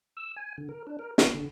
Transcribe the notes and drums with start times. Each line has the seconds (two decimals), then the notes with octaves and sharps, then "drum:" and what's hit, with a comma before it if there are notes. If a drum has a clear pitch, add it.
0.17 E6
0.36 G#5
0.58 D3
0.69 A#4
0.87 D4
0.99 A#4
1.18 F4, drum: snare
1.34 D3